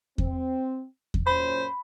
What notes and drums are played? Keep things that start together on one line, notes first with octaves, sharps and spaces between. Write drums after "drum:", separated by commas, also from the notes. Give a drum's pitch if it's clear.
C4, drum: kick E2
drum: kick E2
F#2 A#2 C#4 C5 B5